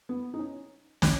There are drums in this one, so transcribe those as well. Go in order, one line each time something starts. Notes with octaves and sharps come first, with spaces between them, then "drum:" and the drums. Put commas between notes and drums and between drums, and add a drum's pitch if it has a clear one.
B3
D#4
C#4
C#4, drum: snare